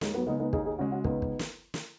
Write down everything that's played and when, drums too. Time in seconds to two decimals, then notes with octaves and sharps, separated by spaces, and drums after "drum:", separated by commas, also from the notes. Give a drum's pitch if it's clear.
0.01 D#2 G#3, drum: snare
0.14 F#3 B3
0.27 C#3 G#3 B3 D#4
0.40 B3 D#4
0.53 D#2 D#4 G#4, drum: kick
0.65 D#4 G#4
0.78 C#3 G#3 C#4 F#4
0.92 C#4 F#4
1.04 C#2 B3 D#4, drum: kick
1.22 drum: kick
1.39 drum: snare
1.74 drum: snare